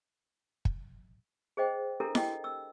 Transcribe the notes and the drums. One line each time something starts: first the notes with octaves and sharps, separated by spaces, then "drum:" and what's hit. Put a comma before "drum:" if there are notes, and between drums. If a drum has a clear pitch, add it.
drum: kick
G#4 C5 D#5 G5
D4 E4 G4 A4 A#4
D#5 G5, drum: snare E4
E6